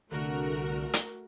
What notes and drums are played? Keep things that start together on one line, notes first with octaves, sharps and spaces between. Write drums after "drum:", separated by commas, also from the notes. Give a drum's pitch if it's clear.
C2 D3 A3 F#4 A#4
drum: hi-hat